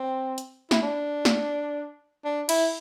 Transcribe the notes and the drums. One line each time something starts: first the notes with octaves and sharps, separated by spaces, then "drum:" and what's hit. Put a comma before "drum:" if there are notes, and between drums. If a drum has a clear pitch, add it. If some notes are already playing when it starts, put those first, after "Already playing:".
Already playing: C4
drum: hi-hat
E4, drum: snare
D4
drum: snare
D4
E4, drum: cymbal